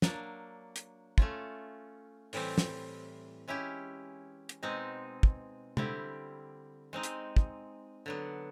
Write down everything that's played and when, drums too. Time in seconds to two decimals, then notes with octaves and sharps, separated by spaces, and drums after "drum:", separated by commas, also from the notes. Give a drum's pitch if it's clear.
0.02 F#3 A#3 D4, drum: snare
0.76 drum: hi-hat
1.18 A3 C#4 F4, drum: kick
2.33 A2 E3 G3 C4, drum: open hi-hat
2.58 drum: snare
3.48 G#3 C#4 E4 G4
4.49 drum: hi-hat
4.63 B2 G#3 C4 D#4
5.23 drum: kick
5.77 D3 G3 C4 E4 G4, drum: tom C3
6.93 G#3 C4 D#4
7.03 drum: hi-hat
7.37 drum: kick
8.06 D3 F#3 B3